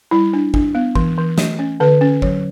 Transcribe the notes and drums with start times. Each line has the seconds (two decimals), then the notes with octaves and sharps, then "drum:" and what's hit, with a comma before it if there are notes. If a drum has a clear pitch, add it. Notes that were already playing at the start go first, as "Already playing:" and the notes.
0.11 G3 E4
0.33 D4
0.54 D4, drum: kick
0.75 B3
0.95 E3, drum: kick
1.18 E3
1.38 A3, drum: snare
1.59 C#4
1.80 D3 B4
2.01 C#4
2.22 F#3, drum: kick